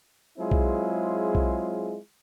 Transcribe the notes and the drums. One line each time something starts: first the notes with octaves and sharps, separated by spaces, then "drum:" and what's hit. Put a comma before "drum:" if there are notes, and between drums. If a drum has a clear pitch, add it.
F#3 G#3 C4 E4 F4 G#4
drum: kick B1
drum: kick B1